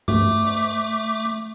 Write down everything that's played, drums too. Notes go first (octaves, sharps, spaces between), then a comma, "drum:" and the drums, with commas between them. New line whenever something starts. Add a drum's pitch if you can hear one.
A3 D6, drum: tom G2
drum: open hi-hat